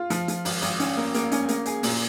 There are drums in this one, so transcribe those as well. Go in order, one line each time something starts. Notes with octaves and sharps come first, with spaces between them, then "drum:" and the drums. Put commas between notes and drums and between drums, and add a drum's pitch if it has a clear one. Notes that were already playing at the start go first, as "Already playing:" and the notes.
Already playing: F4
F3, drum: hi-hat
F3, drum: hi-hat
G#1, drum: open hi-hat
G#1, drum: hi-hat
C#4, drum: hi-hat
A#3
A#3, drum: hi-hat
C#4, drum: hi-hat
A#3, drum: hi-hat
G#4, drum: hi-hat
A#2, drum: open hi-hat